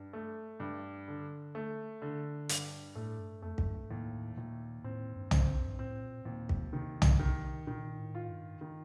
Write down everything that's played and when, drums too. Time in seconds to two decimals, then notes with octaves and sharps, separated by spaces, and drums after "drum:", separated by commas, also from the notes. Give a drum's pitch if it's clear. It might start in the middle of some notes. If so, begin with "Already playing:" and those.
Already playing: G2
0.13 A3
0.60 G2
1.08 D3
1.55 A3
2.02 D3
2.49 G2, drum: hi-hat
2.95 A2 A3
3.19 G2
3.42 F2 A3
3.58 F2, drum: kick
3.67 G2
3.90 D#2 A2
4.37 D#2 A#2
4.84 A2 C4
5.16 G2
5.31 C4, drum: tom
5.48 G2
5.57 F2
5.67 G2
5.78 A2 C4
6.02 A#2
6.25 D#2 A#2
6.49 C3, drum: kick
6.73 C3 D#3
7.02 drum: tom
7.20 C3 D#3
7.67 A#2 D#3
7.98 A2
8.15 F4
8.29 G2
8.61 D#3